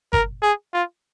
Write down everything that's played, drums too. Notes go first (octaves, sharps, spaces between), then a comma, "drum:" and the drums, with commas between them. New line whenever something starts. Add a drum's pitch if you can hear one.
A#4, drum: kick G1
G#4
F4